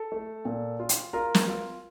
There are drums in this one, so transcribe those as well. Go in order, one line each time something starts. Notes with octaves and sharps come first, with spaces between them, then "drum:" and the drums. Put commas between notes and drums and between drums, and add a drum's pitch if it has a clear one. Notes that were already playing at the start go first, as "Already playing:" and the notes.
Already playing: A4 A5
A3
A#2
F4
drum: hi-hat
F4 A#4 A#5
drum: snare
F4